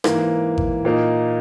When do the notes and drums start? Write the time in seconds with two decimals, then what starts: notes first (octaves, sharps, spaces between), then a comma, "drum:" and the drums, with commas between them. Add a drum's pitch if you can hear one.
0.04 G#2 E3 A#3, drum: rim click
0.58 drum: kick G#1
0.85 A#2 A#3 D#4